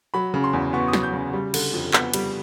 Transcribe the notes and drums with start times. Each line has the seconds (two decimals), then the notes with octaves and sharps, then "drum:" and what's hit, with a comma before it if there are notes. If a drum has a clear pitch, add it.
0.14 F#3 B5
0.34 C#3
0.44 C6
0.53 E2
0.73 B3 C#6
0.88 D#6
0.93 F#3, drum: snare
1.03 G6
1.13 C#3
1.33 G3
1.54 D3, drum: cymbal
1.73 F2
1.93 B3 B6, drum: clap
2.14 G3, drum: cymbal